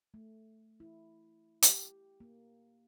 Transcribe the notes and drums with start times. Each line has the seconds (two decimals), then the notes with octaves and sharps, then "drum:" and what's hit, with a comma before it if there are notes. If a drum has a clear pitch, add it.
0.14 A3
0.80 E4
1.62 G4, drum: hi-hat
2.20 A#3